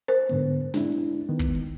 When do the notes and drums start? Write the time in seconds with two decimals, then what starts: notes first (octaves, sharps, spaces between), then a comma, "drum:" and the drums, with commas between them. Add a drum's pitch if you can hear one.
0.08 A#4 C5
0.29 G#2 D3 B3, drum: hi-hat
0.74 G#3 D4 E4, drum: snare
0.92 drum: hi-hat
1.29 D#3 B3
1.39 drum: kick
1.55 drum: hi-hat